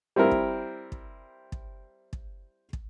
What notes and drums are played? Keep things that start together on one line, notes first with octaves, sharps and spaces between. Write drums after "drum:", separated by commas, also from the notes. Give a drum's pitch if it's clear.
G3 C4 E4 A#4
drum: kick
drum: kick
drum: kick
drum: kick
drum: kick